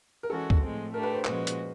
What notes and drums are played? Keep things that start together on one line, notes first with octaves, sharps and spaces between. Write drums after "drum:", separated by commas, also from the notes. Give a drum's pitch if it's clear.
A#4
E3 G#3 C#4 F#4 A4
drum: kick
A2 F3 G#3 C4
A3 D4 G4 A#4
B4
C5
A#2 F3 G#3 C#4 F#4 B4, drum: clap
drum: hi-hat